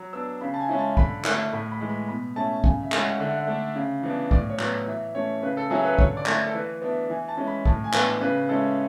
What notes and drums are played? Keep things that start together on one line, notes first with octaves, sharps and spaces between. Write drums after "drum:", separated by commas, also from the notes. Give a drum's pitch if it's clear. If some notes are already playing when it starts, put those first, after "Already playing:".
Already playing: F#3
B3 D4 E6
C#3 B5
A5
G#5
G#3 C#4 E4
A5
D3 B5, drum: kick
A3 E4, drum: clap
A2 B5
B5
E3 G#3
B5
B2 B5
A3 C#4 E4 A5
C#3 G#5, drum: kick
E5
G#3 C#4 E4, drum: clap
F#5
D3 E5
F#5
E5
A3 D4
C#3
E3 B3 D4
A2 D5, drum: kick
C#5
F#3 B3, drum: clap
C#5
E3 E5
A3 C#4 C#5
C#3 B4
A4
F#3 C#4 E4 G#4
B4
D3 C#5, drum: kick
D5
A3 E4, drum: clap
A4
E3 B4
B3 D4 E5
E3 G#5
A5
G#3 C#4 E4
B5
A2 A5, drum: kick
G#5
E3 B3 D4, drum: clap
C#3 B4
G#3 C#4 E4 A4